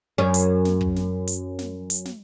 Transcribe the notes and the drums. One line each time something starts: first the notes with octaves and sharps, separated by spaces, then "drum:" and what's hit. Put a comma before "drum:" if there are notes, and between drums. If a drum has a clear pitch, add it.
F#2 C#4
drum: hi-hat
drum: snare
drum: kick
drum: snare
drum: hi-hat
drum: snare
drum: hi-hat
drum: snare